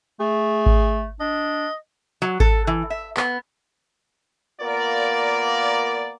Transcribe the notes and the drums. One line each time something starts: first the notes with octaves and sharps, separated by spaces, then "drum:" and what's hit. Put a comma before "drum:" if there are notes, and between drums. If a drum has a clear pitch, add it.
A3 G#4
drum: kick G#1
D4 D#5
F#3
A4, drum: kick G#1
E3
E5
B3, drum: clap
A#3 B3 F4 A#4 D5